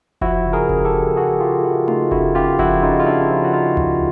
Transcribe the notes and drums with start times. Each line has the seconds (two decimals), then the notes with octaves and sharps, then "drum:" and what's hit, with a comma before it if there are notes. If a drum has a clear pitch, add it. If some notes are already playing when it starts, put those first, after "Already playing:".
0.21 F3 E4 F#4, drum: kick F1
0.45 C#3
0.53 G#4 A#4
0.69 C#3, drum: kick F1
0.85 G4 A4
0.93 F3
1.13 G4
1.16 F3 F#4 G#4
1.40 C#3 F4 G4
1.64 F3 E4 F#4
1.88 C#3 D#4 F4, drum: tom A3
2.11 C#3 E4 F#4, drum: kick F1
2.35 C#3 F4 G4
2.59 F3 E4 F#4, drum: kick F1
2.83 C#3 D#4 F4
3.00 F4
3.06 C#3 D4 E4
3.30 F3
3.44 F#4
3.54 F3 D#4 F4
3.77 F3, drum: tom C#2